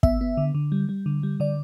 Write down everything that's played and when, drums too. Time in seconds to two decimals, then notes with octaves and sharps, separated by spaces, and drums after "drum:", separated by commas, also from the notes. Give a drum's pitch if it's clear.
0.03 B3 E5, drum: kick
0.21 B3
0.37 D3
0.55 D3
0.72 G3
0.89 G3
1.06 D3
1.23 G3
1.40 D3 D5